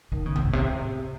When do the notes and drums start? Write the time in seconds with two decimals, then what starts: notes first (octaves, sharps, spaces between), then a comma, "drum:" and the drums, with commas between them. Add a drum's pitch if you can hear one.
0.12 D#3
0.26 C#3
0.36 C3, drum: tom C#2
0.45 A2
0.53 C3